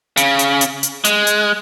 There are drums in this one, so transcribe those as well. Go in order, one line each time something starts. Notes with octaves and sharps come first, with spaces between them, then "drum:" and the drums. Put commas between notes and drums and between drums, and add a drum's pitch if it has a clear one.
C#3, drum: hi-hat
drum: hi-hat
drum: hi-hat
drum: hi-hat
G#3, drum: hi-hat
drum: hi-hat